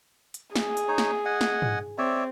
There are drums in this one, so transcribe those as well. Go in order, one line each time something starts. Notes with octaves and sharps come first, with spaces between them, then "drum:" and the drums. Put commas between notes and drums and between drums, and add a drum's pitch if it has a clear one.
drum: hi-hat
G#4, drum: snare
drum: hi-hat
D#4 C#5
drum: snare
D#5 F#5 G#5
drum: snare
drum: tom
C4 C#5 D5 E5